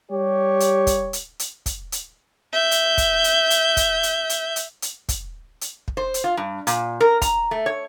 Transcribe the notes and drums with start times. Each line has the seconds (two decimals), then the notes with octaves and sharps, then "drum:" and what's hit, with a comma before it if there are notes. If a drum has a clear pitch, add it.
0.11 G3 G4 C#5
0.60 drum: hi-hat
0.87 drum: kick, hi-hat
1.13 drum: hi-hat
1.39 drum: hi-hat
1.66 drum: kick, hi-hat
1.92 drum: hi-hat
2.52 E5 G6
2.71 drum: hi-hat
2.98 drum: kick, hi-hat
3.24 drum: hi-hat
3.50 drum: hi-hat
3.77 drum: kick, hi-hat
4.03 drum: hi-hat
4.29 drum: hi-hat
4.56 drum: hi-hat
4.82 drum: hi-hat
5.09 drum: kick, hi-hat
5.61 drum: hi-hat
5.88 drum: kick
5.97 C5
6.14 drum: hi-hat
6.24 F4
6.37 G2
6.67 A#2, drum: hi-hat
7.01 A#4
7.22 A#5, drum: kick, hi-hat
7.51 A3
7.66 C#5